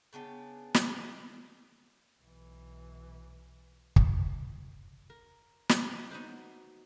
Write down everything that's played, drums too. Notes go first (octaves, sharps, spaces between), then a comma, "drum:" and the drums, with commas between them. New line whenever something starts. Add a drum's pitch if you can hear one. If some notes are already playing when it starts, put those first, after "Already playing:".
C#3 B3 D4 G5
drum: snare
B1 E3
drum: kick
A#4
drum: snare
D#4 F#4 B4 C5